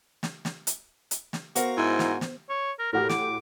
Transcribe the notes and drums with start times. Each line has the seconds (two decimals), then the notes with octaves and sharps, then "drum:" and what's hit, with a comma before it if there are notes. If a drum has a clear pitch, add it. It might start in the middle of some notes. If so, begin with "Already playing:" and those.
0.23 drum: snare
0.45 drum: snare
0.67 drum: hi-hat
1.11 drum: hi-hat
1.33 drum: snare
1.56 B3 F#4 A#4 C5 F5, drum: hi-hat
1.77 G#2 E4
1.99 drum: snare
2.21 drum: snare
2.49 C#5
2.79 A#4
2.93 A2 F#4 G4 A#4
3.09 D6, drum: snare